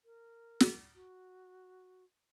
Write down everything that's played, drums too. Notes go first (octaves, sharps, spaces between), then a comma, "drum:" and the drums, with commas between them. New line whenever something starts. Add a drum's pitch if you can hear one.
A#4
drum: snare
F#4